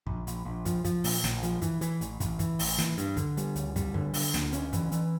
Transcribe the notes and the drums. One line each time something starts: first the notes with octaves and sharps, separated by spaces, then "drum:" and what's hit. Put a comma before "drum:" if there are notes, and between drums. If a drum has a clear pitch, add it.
A#1, drum: kick
A#1, drum: hi-hat
A#1
F3, drum: kick, hi-hat
F3, drum: kick, hi-hat
A#2, drum: open hi-hat
A#1, drum: snare
F3, drum: hi-hat
E3, drum: kick, hi-hat
E3, drum: hi-hat
A1, drum: hi-hat
A1, drum: kick, hi-hat
E3, drum: kick, hi-hat
A1, drum: open hi-hat
E3, drum: snare
G2, drum: hi-hat
D3, drum: kick, hi-hat
G3, drum: hi-hat
D2, drum: hi-hat
G3, drum: kick, hi-hat
D3, drum: kick
D3, drum: open hi-hat
D2, drum: snare
C#4, drum: hi-hat
E3, drum: kick, hi-hat
E3, drum: hi-hat